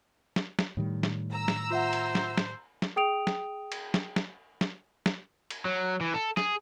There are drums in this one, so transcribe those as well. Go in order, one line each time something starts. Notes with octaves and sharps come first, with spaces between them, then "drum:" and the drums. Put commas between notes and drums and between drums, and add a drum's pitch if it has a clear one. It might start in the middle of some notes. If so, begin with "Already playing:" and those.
drum: snare
drum: snare
A2 D#3 G3
drum: snare
A#5 E6
drum: snare
F4 C5 E5 F#5
drum: cymbal
drum: snare
drum: snare
drum: snare
G#4 G5 D#6 D7 F7
drum: snare
drum: cymbal
drum: snare
drum: snare
drum: snare
drum: snare
drum: cymbal
F#3
E3
A4
G#4, drum: snare